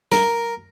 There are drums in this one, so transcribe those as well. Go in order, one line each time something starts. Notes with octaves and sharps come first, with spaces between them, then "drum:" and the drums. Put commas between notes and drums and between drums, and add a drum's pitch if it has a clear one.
A#4, drum: snare